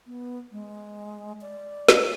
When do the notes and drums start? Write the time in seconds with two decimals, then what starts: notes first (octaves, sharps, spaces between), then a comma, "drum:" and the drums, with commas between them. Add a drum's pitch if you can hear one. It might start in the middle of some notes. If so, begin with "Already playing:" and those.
0.07 B3
0.52 G#3
1.41 D5
1.89 drum: snare